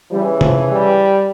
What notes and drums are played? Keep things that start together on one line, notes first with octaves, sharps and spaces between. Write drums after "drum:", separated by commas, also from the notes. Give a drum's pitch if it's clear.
C#3 E3 G3
F3, drum: tom C3
G3